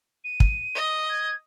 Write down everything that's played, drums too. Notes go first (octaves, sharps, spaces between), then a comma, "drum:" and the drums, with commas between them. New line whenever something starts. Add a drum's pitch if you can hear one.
D#7
drum: kick
D#5
G#6